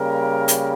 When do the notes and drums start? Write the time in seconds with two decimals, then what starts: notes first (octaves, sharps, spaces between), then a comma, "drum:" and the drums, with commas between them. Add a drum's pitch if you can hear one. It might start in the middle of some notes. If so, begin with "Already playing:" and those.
Already playing: C#3 G3 A#3 A#4
0.48 drum: hi-hat